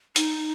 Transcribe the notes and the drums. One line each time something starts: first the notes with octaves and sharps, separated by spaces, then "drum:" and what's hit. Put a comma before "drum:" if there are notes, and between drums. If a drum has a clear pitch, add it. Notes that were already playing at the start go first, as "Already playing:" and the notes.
D#4, drum: hi-hat